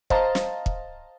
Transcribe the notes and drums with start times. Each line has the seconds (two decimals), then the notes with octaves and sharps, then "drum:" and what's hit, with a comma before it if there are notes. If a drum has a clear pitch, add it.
0.10 C5 D#5 F5 A5 A#5, drum: kick
0.35 drum: snare
0.66 drum: kick